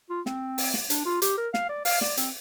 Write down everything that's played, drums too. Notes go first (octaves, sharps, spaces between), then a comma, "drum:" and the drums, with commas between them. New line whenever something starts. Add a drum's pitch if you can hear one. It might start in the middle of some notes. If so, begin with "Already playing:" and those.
F4
C4, drum: snare
drum: open hi-hat
drum: snare
D4, drum: hi-hat
F4
G4, drum: hi-hat
A#4
F5, drum: snare
D5
F5, drum: open hi-hat
D5, drum: snare
C4, drum: hi-hat